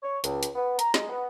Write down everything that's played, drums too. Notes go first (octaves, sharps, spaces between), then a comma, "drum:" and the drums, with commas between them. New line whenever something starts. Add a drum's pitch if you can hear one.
C#5
C#2, drum: hi-hat
drum: hi-hat
B3
A#5, drum: hi-hat
G#3, drum: snare
B3